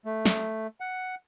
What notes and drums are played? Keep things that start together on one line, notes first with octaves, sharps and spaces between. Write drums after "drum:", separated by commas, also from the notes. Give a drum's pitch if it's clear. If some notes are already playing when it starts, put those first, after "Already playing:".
A3
drum: snare
F#5